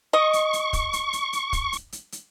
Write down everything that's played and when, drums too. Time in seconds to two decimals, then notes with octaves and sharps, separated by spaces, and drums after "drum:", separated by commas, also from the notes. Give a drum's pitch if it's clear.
0.13 D#5 C#6
0.33 drum: hi-hat
0.53 drum: hi-hat
0.73 drum: kick, hi-hat
0.93 drum: hi-hat
1.13 drum: hi-hat
1.33 drum: hi-hat
1.53 drum: kick, hi-hat
1.73 drum: hi-hat
1.92 drum: hi-hat
2.12 drum: hi-hat